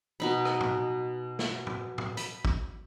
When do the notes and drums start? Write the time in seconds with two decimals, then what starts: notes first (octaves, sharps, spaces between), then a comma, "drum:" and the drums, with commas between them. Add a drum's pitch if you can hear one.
0.20 B2 D#4 B5
0.45 drum: rim click
0.61 drum: tom A2
1.39 drum: snare
1.67 drum: tom A2
1.98 drum: tom A2
2.17 B5, drum: hi-hat
2.45 drum: kick